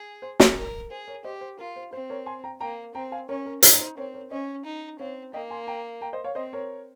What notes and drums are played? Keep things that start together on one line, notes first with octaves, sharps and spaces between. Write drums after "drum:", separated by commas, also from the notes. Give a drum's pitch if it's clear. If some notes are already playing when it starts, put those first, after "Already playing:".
Already playing: G#4
C5
A#4, drum: snare
A#4
G#4 C5
A#4 C#5
G4 C5 D#5
C5
F4 A#4
C5
C4 C5
A#4 C#5
G#5 C6
G5 A#5
A#3 G5 A#5
C4 G5 A#5
F5 G#5
C#4 A#4 C#5
A#4
D#4 C5, drum: hi-hat
C5
C4 A#4 C#5
A#4 C#5
C#4 C5 D#5
D#4
C4 C#5 F5
A#3 D#5 G5
G#5 C6
G5 A#5
G5 A#5
C5 D#5
C#5 F5
C4 C5 D#5
A#4 C#5